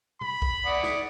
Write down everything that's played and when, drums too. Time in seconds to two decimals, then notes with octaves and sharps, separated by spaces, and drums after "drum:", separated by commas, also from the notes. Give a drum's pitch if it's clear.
0.21 B5, drum: tom B2
0.42 drum: kick
0.66 D5 F#5 D#6
0.83 drum: snare